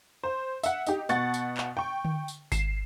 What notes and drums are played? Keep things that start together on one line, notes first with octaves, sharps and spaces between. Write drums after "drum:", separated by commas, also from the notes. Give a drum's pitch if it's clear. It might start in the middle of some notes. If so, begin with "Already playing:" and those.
C5
E5 F#5, drum: tambourine
D#4 G4, drum: tambourine
B2 F#5 C#6 A6, drum: tambourine
drum: tambourine
drum: clap
G5 C#6
drum: tom D3
drum: tambourine
C7 E7, drum: kick G#1, tambourine